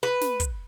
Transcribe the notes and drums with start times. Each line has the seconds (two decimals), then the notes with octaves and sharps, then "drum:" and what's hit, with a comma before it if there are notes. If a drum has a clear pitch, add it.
0.03 B4
0.21 drum: snare
0.40 drum: kick, hi-hat